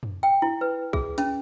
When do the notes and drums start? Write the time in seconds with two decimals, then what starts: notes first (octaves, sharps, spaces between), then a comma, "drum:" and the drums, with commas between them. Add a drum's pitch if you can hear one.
0.03 drum: tom
0.23 G5
0.42 E4
0.61 B4
0.93 G#4, drum: kick
1.18 C#4, drum: hi-hat